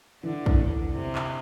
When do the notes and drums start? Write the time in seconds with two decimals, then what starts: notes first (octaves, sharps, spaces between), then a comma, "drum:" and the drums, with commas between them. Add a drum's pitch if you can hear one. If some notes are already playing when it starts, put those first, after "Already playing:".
0.23 D3 E3
0.46 drum: kick
0.92 C3
1.15 drum: clap